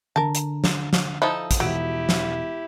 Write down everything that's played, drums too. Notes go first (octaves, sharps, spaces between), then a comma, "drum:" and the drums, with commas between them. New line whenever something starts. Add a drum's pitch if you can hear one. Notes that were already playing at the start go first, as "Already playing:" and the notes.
D3 A#4 A5
drum: hi-hat
drum: snare
drum: snare
F3 D#4 E4 A4
drum: kick, hi-hat
E1 F#3 E4 G4 D7
drum: snare